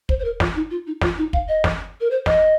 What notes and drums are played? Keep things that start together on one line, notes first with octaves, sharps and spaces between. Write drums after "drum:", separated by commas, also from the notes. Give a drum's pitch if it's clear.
C5, drum: kick
C5
A#4
F4, drum: snare
D#4
F4
D#4
F4, drum: snare
D#4
F5, drum: kick
D#5
drum: snare
A#4
C5
D#5, drum: snare